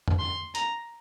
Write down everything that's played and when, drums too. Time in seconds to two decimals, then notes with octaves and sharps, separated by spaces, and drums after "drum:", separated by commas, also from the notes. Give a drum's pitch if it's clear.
0.08 drum: tom
0.19 C6
0.55 A#5, drum: hi-hat